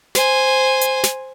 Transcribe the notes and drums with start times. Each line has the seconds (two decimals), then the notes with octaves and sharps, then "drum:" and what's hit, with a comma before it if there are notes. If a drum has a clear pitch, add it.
0.15 C5 G#5, drum: snare
0.81 drum: hi-hat
1.04 drum: snare